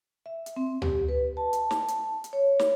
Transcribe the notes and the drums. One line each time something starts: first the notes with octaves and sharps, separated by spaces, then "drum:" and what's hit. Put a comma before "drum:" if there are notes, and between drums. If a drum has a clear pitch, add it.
E5
drum: hi-hat
C4
G4, drum: tom D2
B4
A5
drum: hi-hat
drum: snare
drum: hi-hat
drum: hi-hat
C#5
drum: snare